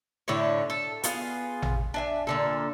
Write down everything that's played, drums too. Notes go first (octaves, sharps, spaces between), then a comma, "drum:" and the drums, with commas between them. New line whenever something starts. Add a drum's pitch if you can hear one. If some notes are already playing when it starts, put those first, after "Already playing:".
A2 D3 E4 C#5
A4
B3 F4 G#4, drum: hi-hat
drum: tom A1
D4 E5 G#5
A#2 D3 A4